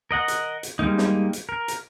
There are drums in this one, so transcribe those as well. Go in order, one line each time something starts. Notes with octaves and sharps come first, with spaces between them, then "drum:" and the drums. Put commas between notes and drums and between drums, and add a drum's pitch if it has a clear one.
A#4 D#5 F#5
drum: hi-hat
drum: hi-hat
G3 G#3 A#3 D#4
drum: snare
drum: hi-hat
A#4
drum: hi-hat